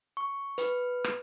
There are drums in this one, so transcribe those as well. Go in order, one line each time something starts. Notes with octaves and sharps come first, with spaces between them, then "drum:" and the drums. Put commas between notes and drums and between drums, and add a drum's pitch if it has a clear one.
C#6
B4, drum: hi-hat
drum: rim click